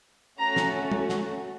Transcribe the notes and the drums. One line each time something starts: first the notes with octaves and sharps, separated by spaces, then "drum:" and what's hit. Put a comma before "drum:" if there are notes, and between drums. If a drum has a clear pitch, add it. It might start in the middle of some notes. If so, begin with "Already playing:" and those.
A3 C#4 F#4 A#5
drum: snare
drum: tom
drum: snare